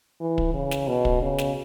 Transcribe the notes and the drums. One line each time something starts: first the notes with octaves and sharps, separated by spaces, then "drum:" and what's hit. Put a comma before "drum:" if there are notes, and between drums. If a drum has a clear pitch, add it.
E3
drum: kick
C#3
drum: snare
B2
drum: kick
C#3
drum: snare